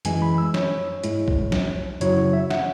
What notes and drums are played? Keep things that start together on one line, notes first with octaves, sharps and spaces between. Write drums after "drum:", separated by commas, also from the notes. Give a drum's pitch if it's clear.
F#2 E3 G#3 E4 G#5, drum: hi-hat
B5
E6
C#5, drum: snare
G#2 G#3 E4, drum: hi-hat
drum: kick C2
drum: snare
F#2 C#3 F#3 E4 C#5, drum: hi-hat
C#5
E5
F#5, drum: snare